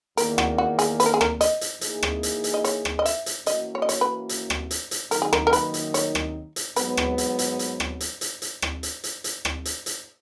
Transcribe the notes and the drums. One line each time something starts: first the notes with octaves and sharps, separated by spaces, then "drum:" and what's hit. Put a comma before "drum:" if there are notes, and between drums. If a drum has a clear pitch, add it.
E2 D#3 A#3 A#4, drum: hi-hat
F#4, drum: rim click
F#4
G#4, drum: hi-hat
B4, drum: hi-hat
A#4
G#4
A#4, drum: rim click
D#5, drum: hi-hat
drum: hi-hat
E3 A#3 D#4 G#4, drum: hi-hat
drum: rim click
drum: hi-hat
drum: hi-hat
D#5
C#5, drum: hi-hat
drum: rim click
D#5
E5, drum: hi-hat
drum: hi-hat
E3 A#3 C#4 F#4 D#5, drum: hi-hat
C#5
D#5
C#5, drum: hi-hat
B4
drum: hi-hat
drum: rim click
drum: hi-hat
drum: hi-hat
F#2 D#3 A#3 D#4 A#4, drum: hi-hat
G#4
A#4, drum: rim click
A#4
B4, drum: hi-hat
drum: hi-hat
C#5, drum: hi-hat
drum: rim click
drum: hi-hat
G#2 F#3 B3 B4, drum: hi-hat
drum: rim click
drum: hi-hat
drum: hi-hat
drum: hi-hat
drum: rim click
drum: hi-hat
drum: hi-hat
drum: hi-hat
drum: rim click
drum: hi-hat
drum: hi-hat
drum: hi-hat
drum: rim click
drum: hi-hat
drum: hi-hat